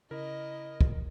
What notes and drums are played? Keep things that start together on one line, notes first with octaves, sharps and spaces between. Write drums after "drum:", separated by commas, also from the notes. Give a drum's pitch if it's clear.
C#3 E4 A#4 D#5
drum: kick